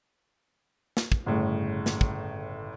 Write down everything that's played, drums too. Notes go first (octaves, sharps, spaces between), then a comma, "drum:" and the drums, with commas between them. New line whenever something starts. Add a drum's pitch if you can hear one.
drum: snare
drum: kick
G1 A2 C#3
drum: snare
drum: kick